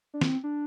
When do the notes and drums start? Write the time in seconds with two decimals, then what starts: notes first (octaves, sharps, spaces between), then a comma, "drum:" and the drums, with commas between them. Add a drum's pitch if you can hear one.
0.14 D4
0.21 C4, drum: snare
0.44 D4